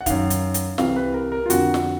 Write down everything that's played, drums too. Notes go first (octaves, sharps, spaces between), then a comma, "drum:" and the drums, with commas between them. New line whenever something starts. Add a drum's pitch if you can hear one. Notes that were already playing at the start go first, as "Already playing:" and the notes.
F#5
F#2 D#3 F5, drum: kick, hi-hat
drum: hi-hat
drum: hi-hat
C2 C3 E3 F5, drum: snare
B4
A#4
A#4
F4
F2 D3 F#4, drum: hi-hat
drum: snare